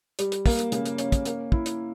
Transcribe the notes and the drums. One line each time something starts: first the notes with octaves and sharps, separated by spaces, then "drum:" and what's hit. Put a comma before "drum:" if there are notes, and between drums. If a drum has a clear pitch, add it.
G3, drum: hi-hat
drum: hi-hat
A#3, drum: kick, open hi-hat
drum: hi-hat
C#3, drum: hi-hat
drum: hi-hat
C#4, drum: hi-hat
drum: kick, hi-hat
A#3, drum: hi-hat
E4, drum: kick
drum: hi-hat